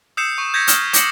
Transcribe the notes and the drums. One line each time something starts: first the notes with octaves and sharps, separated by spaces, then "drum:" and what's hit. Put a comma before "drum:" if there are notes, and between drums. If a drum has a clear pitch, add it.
D#6 E6 G6 C7 C#7 E7
C#6
G6 G#6 A#6 B6 C#7 E7
D#6 F6 E7, drum: hi-hat
D6 G6 A#6 C7 C#7 F#7, drum: hi-hat